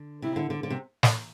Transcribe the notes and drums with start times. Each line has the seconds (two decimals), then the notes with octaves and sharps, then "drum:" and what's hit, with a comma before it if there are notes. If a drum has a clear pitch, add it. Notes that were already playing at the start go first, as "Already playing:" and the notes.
Already playing: D3
0.22 C3 E4
0.36 D3
0.50 D3
0.63 D3
0.70 C3
1.03 drum: snare